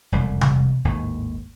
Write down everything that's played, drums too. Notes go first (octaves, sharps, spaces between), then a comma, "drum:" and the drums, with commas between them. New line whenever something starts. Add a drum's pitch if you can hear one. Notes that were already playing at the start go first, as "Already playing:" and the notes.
E1 C2 F2
drum: tom C3
G#1 D#2 A2